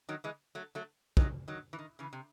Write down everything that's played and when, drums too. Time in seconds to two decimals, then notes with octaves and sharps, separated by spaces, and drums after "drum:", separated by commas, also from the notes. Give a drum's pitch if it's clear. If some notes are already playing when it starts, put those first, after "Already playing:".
0.09 D#3 F#3
0.24 E3 G#3
0.55 F#3 A3
0.75 F#3 A3
1.17 D#3 F#3, drum: kick
1.48 D#3 F#3
1.73 E3
1.79 D#3
1.99 C#3 E3
2.13 C3